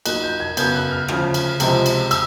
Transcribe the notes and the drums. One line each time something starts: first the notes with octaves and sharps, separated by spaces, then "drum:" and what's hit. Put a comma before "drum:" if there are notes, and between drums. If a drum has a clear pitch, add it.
A#2 F#3 A#3 D#4 F#6, drum: cymbal
G6
G#6
F#2 C#3 F#3 B3 G6, drum: cymbal
F#6
F6
D2 C#3 F3, drum: rim click
drum: cymbal
C#2 C3 F3 G#3, drum: cymbal
drum: cymbal
E6, drum: cymbal